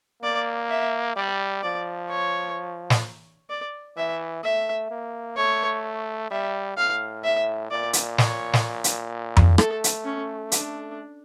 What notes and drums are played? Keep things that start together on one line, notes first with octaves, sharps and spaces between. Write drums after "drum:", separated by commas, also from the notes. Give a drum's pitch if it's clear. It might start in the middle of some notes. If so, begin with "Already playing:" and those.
A#3 D5
E5
G3 D5
F3 D5
C#5
drum: snare
D5
E3 E5
A3 E5
A#3
A3 C#5
G3 E5
A2 F5
E5
A#2 D5
drum: hi-hat
C#5, drum: snare
drum: snare
drum: hi-hat
drum: tom F2
A3 A4, drum: rim click
drum: hi-hat
C#4
D4, drum: hi-hat